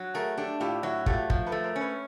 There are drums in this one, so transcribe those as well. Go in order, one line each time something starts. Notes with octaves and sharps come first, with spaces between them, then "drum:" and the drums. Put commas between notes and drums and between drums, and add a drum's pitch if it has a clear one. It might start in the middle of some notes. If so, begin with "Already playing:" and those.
Already playing: F#3
A3 G#4 A#4
D4 G4 A4
A2 F4 G4
F#3 E4 F#4
A3 F4 G4, drum: kick
F3, drum: kick
A4 B4
A3
A#4 C5
C#4
B4 C#5